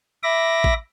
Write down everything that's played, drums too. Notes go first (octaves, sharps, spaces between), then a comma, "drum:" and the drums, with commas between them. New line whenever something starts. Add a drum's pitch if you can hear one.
E5 B5 D6 A#6
drum: kick A1